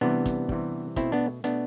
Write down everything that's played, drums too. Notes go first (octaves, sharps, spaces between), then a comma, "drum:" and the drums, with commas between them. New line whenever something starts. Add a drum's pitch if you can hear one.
C3 E3 G3 B3 D4
drum: kick, hi-hat
C3 E3 G3, drum: kick
B2 A3 C4 E4, drum: kick, hi-hat
B3 D4
B2 A3 B3 D4, drum: hi-hat